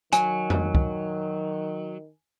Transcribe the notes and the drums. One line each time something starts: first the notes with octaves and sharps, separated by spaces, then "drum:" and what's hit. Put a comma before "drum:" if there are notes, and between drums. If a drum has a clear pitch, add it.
D#3 F#3 G#5, drum: hi-hat
drum: tom F2
drum: kick